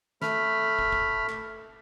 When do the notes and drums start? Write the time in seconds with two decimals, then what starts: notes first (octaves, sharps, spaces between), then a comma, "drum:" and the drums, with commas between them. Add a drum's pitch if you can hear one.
0.22 A3 B5 F6, drum: snare
0.79 drum: kick
0.92 drum: kick
1.29 drum: clap